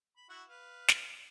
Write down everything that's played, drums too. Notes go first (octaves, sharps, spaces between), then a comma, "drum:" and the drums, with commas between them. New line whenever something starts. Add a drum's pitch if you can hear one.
B5
E4 F#4 F#5
B4 F5
drum: snare